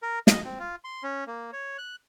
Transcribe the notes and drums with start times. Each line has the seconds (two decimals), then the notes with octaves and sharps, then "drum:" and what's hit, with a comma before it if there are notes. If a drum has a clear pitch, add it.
0.03 A#4
0.27 D#5, drum: snare
0.45 C4
0.60 F4
0.84 C6
1.03 C#4
1.27 A#3
1.53 C#5
1.78 F#6